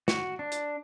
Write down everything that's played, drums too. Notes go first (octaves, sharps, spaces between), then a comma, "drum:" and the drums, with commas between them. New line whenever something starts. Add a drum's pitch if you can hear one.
F#4, drum: snare
D4
drum: hi-hat